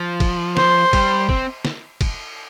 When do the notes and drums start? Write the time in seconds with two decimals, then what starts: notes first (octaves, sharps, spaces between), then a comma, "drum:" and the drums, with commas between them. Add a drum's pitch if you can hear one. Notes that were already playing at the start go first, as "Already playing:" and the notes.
Already playing: F3
0.20 drum: kick, cymbal
0.57 C5, drum: snare
0.93 G3, drum: kick, cymbal
1.29 C4, drum: kick
1.65 drum: snare
2.01 drum: kick, cymbal